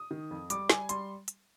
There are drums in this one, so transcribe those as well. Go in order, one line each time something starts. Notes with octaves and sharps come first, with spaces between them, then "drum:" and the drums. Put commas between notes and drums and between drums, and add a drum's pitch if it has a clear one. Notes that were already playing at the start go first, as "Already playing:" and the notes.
Already playing: D#6
D#3
F2
G3 D6, drum: hi-hat
G3 G#5, drum: snare
G3 C6, drum: hi-hat
drum: hi-hat